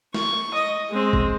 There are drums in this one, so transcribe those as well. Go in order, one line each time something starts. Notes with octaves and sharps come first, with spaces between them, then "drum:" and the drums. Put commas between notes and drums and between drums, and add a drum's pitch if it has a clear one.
C#6, drum: snare
D#5
G#3 C4
drum: kick